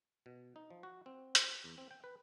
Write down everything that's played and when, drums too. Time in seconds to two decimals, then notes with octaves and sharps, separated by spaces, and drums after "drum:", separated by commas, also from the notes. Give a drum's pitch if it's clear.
0.26 B2
0.56 D#4
0.70 F3
0.83 F#4
1.06 C4
1.35 C5, drum: hi-hat
1.64 E2
1.78 C4
1.91 G5
2.04 B4